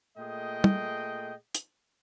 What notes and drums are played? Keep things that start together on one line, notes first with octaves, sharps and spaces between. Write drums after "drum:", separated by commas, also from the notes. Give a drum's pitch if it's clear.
A#2 A3 G#4 D#5 G5
drum: tom
drum: hi-hat